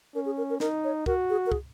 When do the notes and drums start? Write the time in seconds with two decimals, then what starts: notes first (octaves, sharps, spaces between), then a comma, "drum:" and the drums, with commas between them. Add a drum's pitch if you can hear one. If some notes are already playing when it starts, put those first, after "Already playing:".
0.15 C#4 A#4
0.26 G#4
0.38 A#4
0.50 A#4
0.60 D#4 A#4, drum: snare
0.84 C#5
1.06 F#4 A#4, drum: kick
1.30 G#4
1.46 A#4
1.52 G#4, drum: kick